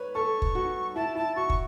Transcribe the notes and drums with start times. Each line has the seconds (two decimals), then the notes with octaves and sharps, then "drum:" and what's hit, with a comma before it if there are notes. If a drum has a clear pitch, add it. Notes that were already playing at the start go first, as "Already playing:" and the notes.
Already playing: B4 C#5
0.15 A4 C#6
0.42 drum: kick
0.55 F#4
0.95 E4 A5
1.15 E4 A5
1.36 F#4 C#6
1.50 drum: kick